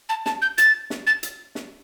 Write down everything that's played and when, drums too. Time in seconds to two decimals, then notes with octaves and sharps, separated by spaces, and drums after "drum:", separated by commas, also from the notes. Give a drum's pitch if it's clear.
0.09 A5
0.26 A5, drum: snare
0.42 G6
0.58 A6, drum: hi-hat
0.90 drum: snare
1.07 A6
1.23 drum: hi-hat
1.55 drum: snare